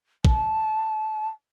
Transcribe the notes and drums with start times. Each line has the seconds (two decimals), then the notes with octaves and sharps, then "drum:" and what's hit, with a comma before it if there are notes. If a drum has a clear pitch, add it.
0.25 A5, drum: kick